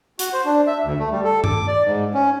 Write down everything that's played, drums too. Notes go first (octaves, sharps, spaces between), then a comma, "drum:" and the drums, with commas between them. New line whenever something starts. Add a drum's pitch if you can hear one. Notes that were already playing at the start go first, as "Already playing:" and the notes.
F#4, drum: hi-hat
C5
D4
E5
D2
A3
G3
A4
D6, drum: tom G2
D5
G#2
C#4